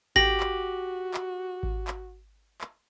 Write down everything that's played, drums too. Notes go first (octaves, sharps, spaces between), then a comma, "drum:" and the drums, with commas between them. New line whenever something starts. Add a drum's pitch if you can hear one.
F#4 G4 A#6 F#7, drum: kick G#1
drum: clap
drum: clap
drum: kick G#1
drum: clap
drum: clap